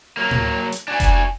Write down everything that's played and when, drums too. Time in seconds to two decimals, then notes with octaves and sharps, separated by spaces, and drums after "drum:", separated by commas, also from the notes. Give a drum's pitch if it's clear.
0.17 F#3 A#3
0.31 drum: tom A2
0.72 drum: hi-hat
0.88 D4 F#4 G#5
1.00 drum: kick F1, hi-hat